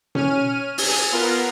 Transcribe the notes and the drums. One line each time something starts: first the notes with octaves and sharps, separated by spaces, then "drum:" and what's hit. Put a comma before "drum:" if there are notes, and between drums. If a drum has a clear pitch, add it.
C#4 F6 D#7, drum: tom B2
G#5, drum: open hi-hat
drum: hi-hat
B3 F4 A#4 F5